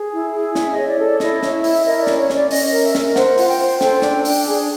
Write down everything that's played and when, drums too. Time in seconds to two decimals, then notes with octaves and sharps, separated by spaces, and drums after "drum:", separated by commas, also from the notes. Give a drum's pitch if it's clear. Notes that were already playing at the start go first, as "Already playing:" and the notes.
Already playing: G#4
0.12 E4
0.34 G#4
0.55 E4 E5, drum: snare
0.72 C#5 D#5
0.88 D5
0.99 A4
1.04 D5
1.20 E4 D#5, drum: snare
1.43 C#5, drum: snare
1.54 E5
1.64 E4, drum: open hi-hat
1.86 A#4 D#5
2.02 D5
2.07 C#4, drum: snare
2.18 C#5
2.30 C#4 D5, drum: snare
2.51 C#4 D#5, drum: open hi-hat
2.67 A#4 D#5
2.83 E5
2.95 A#4, drum: snare
3.16 C5 F#5, drum: snare
3.38 F4, drum: open hi-hat
3.48 G5
3.59 C5
3.81 A4 G5, drum: snare
4.02 D4, drum: snare
4.25 D4, drum: open hi-hat
4.46 G#4 G#5